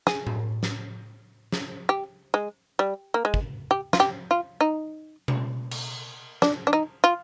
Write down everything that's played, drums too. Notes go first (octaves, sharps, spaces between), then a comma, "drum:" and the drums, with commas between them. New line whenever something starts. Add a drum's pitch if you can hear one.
G#4, drum: snare
drum: tom A2
drum: snare
drum: snare
G4
G#3
G3
A#3
G#3
drum: kick
G4
F4, drum: snare
G4
F4
D#4
drum: tom B2
drum: cymbal
D4, drum: snare
D4
D#4
F4